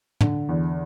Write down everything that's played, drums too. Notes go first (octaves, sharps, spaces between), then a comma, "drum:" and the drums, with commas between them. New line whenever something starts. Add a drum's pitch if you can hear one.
D3, drum: tom
E2